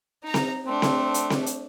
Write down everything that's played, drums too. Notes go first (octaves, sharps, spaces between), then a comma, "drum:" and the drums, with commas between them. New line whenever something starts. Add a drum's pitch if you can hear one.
D#4 A#5
drum: snare C4
A3 C4 D4
drum: snare C4
drum: hi-hat
drum: snare C4
drum: hi-hat